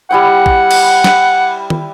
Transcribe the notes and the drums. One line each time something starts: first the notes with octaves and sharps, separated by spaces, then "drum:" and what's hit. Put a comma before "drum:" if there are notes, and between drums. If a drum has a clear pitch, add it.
G3 E4 F#5 G5
drum: kick
drum: cymbal
drum: snare
drum: tom D#3